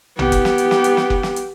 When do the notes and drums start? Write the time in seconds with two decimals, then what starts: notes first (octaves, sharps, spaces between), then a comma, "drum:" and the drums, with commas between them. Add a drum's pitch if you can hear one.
0.19 B3 G4, drum: tom A#1
0.32 drum: kick F#1, hi-hat
0.45 drum: snare
0.58 drum: hi-hat
0.71 drum: snare
0.84 drum: hi-hat
0.97 drum: snare
1.10 drum: kick F#1
1.23 drum: snare
1.36 drum: hi-hat